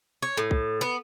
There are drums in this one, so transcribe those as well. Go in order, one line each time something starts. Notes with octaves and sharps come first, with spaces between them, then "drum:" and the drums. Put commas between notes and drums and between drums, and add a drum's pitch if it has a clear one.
C#5
A2
drum: kick C2
B3